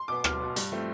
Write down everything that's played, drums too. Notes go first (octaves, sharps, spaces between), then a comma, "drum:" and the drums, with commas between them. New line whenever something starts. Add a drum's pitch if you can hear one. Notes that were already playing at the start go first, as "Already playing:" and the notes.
Already playing: C6
B2 B3 D6
B1 F6, drum: rim click
B2 B3
G2, drum: hi-hat
F3 A3 C4